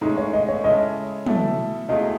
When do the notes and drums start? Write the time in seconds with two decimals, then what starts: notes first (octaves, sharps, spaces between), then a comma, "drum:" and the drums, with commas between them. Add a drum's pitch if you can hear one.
0.01 A2 G#3 C#4 D#4
0.18 C#5
0.33 D#5
0.48 C#5
0.64 C#3 G#3 C#4 E4 A4 D#5
1.26 B1 B2 A3 E4 A4, drum: tom
1.89 C#2 B2 A3 E4 G#4 D#5